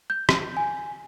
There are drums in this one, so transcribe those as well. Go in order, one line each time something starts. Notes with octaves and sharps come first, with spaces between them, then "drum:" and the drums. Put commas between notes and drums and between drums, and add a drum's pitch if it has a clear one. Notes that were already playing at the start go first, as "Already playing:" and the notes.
G6
drum: rim click
G#5